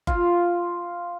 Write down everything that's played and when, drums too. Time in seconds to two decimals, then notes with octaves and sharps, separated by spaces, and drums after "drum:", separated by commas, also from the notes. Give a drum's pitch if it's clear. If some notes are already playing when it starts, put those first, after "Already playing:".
0.07 F4, drum: kick F#1